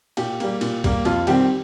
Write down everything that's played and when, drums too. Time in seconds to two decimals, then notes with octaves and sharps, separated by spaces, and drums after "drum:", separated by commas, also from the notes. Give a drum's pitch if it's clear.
0.17 A#2 G4, drum: cymbal
0.40 G3 A#3, drum: cymbal
0.61 A#2, drum: cymbal
0.84 G3 A#3, drum: kick C2, cymbal
1.05 F2 F4, drum: cymbal
1.27 D#3 G3 C4 G4, drum: cymbal